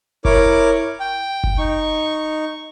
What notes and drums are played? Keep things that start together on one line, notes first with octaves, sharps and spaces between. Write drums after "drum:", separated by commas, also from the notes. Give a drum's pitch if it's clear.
E4 A#4 C#5 D6, drum: kick F#1
G5
drum: kick F#1
D#4 C#6